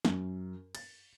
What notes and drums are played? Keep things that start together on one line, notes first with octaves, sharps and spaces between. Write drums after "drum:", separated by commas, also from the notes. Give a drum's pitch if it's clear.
F#2, drum: snare
A6, drum: cymbal